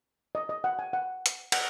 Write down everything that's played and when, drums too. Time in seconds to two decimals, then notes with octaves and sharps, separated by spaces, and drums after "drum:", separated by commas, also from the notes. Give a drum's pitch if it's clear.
0.35 D#5
0.49 D#5
0.64 F#5
0.79 G#5
0.93 F#5
1.26 drum: hi-hat
1.52 F#5, drum: cymbal